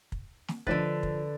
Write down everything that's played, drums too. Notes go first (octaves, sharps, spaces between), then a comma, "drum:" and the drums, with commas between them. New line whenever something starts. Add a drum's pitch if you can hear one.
drum: kick
drum: snare
D3 F3 D4 B4 C5 A6, drum: kick
drum: kick